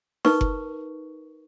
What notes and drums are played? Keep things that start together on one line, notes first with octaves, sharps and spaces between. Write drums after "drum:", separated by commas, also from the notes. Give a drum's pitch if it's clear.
D#4 A#4 B4 C#6, drum: snare D#4
drum: kick F#1